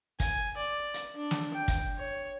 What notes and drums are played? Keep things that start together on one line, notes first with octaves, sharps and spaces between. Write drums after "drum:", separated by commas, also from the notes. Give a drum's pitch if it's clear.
G#5, drum: kick, hi-hat
D5
drum: hi-hat
D4
drum: snare
G5
drum: kick, hi-hat
C#5